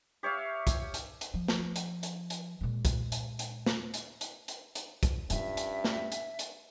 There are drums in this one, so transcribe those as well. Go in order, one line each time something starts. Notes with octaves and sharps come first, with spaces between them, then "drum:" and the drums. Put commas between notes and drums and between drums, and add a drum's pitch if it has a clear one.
G4 C#5 E5 F5
drum: kick, hi-hat
drum: hi-hat
drum: hi-hat
F3
drum: snare
drum: hi-hat
drum: hi-hat
drum: hi-hat
A#2 G#3
drum: kick, hi-hat
drum: hi-hat
drum: hi-hat
drum: snare
drum: hi-hat
drum: hi-hat
drum: hi-hat
drum: hi-hat
drum: kick, hi-hat
G2 C#4 F4 E5, drum: hi-hat
drum: hi-hat
drum: snare
drum: hi-hat
drum: hi-hat